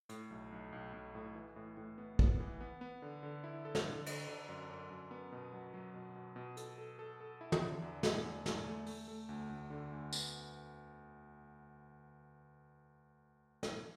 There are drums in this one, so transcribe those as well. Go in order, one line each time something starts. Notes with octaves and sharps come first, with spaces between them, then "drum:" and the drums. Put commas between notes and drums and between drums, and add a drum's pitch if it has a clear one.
A2, drum: hi-hat
B1
B1
B1
B1
A2
E3
A2
A2
B3
B3, drum: kick
E3
B3
B3
D3
D3
E4
A4
drum: snare
D3
D3, drum: cymbal
D3
F#2
F#2
F#2
B3
B2
F#3
F#3
B2
B2
B2
A4, drum: hi-hat
A4
A4
A4
E4
drum: tom
D3
E2
A3, drum: snare
E2
A3, drum: snare
A3
A3, drum: open hi-hat
A3
D2
D2
D3
D2
B3, drum: tambourine
drum: snare